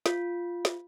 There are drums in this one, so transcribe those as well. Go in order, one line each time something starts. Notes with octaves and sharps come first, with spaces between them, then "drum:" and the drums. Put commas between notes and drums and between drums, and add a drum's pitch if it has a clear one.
F4, drum: snare
drum: snare